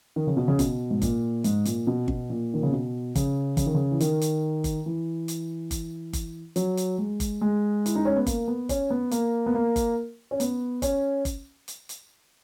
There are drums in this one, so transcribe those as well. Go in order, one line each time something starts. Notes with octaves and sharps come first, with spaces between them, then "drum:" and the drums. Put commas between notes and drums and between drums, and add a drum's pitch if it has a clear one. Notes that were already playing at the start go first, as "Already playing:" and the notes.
D#3
C#3
B2
C#3
B2, drum: kick G1, hi-hat
G#2
A#2, drum: kick G1, hi-hat
G#2, drum: hi-hat
A#2, drum: hi-hat
B2
B2, drum: kick G1
A#2
D#3
C#3
B2
C#3, drum: kick G1, hi-hat
C#3, drum: kick G1, hi-hat
D#3
C#3
E3
D#3, drum: hi-hat
drum: hi-hat
drum: kick G1, hi-hat
E3
drum: hi-hat
drum: kick G1, hi-hat
drum: kick G1, hi-hat
F#3, drum: hi-hat
drum: hi-hat
G#3
drum: kick G1, hi-hat
G#3
E4, drum: hi-hat
D#4
C#4
B3
A#3, drum: kick G1, hi-hat
B3
C#4, drum: kick G1, hi-hat
B3
A#3, drum: hi-hat
B3
A#3
drum: kick G1, hi-hat
C#4
B3, drum: hi-hat
C#4, drum: kick G1, hi-hat
drum: kick G1, hi-hat
drum: hi-hat
drum: hi-hat